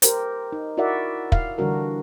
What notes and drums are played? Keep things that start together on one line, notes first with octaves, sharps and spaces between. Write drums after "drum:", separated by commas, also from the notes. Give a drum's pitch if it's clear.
G4 A#4 C5, drum: hi-hat
D#4
E4 F#4 A#4 D5 E5 F#5
F5, drum: kick
D3 E3 G3 D4 F#4 A#4